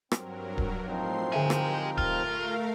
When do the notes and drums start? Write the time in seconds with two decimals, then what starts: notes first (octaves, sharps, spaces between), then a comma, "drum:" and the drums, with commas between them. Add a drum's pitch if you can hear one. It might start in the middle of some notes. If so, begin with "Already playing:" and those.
0.12 G2 F#3 C4 A#4, drum: rim click
0.58 drum: kick D1
0.86 A2 F3 C4 D#4 C6 C7
1.32 D3 G4 A#4 D#5 E5 G5 G#5
1.50 drum: rim click
1.98 A3 F4 A#4 F5, drum: kick D1